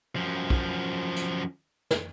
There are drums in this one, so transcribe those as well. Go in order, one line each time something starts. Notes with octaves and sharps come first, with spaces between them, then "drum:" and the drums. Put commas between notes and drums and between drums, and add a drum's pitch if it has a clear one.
F#2 F3
drum: kick
drum: hi-hat
drum: snare